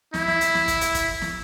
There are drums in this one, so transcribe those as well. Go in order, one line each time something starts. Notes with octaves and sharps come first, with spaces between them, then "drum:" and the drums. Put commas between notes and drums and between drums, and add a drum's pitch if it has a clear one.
E4, drum: snare
drum: snare
drum: hi-hat
drum: snare
drum: kick, hi-hat
drum: hi-hat
drum: kick, hi-hat
drum: snare